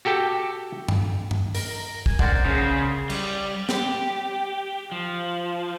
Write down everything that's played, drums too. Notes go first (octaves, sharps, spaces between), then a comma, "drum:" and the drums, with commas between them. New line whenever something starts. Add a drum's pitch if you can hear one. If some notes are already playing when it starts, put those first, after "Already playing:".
F#4 G4 A4 G5 A5
drum: tom G2
drum: tom G2
A#4, drum: open hi-hat
G#5, drum: kick
A#4 C5 D5 F#5, drum: kick
C#3
G3, drum: cymbal
G4, drum: snare
F3